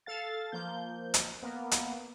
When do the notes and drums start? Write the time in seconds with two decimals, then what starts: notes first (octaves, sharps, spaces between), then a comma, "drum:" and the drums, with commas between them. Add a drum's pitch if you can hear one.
0.06 A4 F5 A6
0.52 F3 A#3 G6
1.14 drum: hi-hat
1.43 A#3 B3
1.71 drum: hi-hat